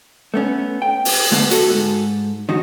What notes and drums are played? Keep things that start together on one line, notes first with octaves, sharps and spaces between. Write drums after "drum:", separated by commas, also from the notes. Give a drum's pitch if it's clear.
A3 B3 C#4
G5
drum: open hi-hat
D3 A3 B3
F#4 A4, drum: hi-hat
G#2
D#3 D#4 F#4